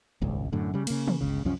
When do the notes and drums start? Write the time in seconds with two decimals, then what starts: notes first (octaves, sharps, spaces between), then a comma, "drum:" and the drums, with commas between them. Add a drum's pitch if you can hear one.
0.22 D#1 G#1 C#2
0.52 F#2 A2 D3
0.74 C#3 G3
0.87 C#3 A#3, drum: cymbal
1.08 drum: tom D#3
1.21 G1 C#2 C#3
1.45 C2 F#2 F3 C#4